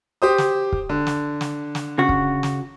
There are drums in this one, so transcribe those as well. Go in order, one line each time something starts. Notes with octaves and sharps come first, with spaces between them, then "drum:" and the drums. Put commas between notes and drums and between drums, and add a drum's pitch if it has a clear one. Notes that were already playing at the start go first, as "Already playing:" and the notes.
G4 C5 D#6
drum: snare
drum: kick
D3
drum: snare
drum: snare
drum: snare
C#3 F#4
drum: kick
drum: snare